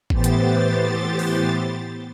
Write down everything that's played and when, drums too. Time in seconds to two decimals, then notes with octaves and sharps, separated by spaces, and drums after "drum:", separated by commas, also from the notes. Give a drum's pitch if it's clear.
0.10 A2 E3 B3 G4 C5 A6, drum: kick G#1
0.24 drum: hi-hat
1.19 drum: open hi-hat